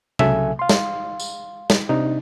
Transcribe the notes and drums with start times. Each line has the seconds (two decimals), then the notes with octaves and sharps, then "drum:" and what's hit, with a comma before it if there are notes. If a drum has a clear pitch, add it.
0.19 C2 C#3 F#3 A4 E5 G#5, drum: tom C3
0.59 F5 C6
0.69 drum: snare
1.20 drum: tambourine
1.70 drum: snare
1.89 C3 D4 D#4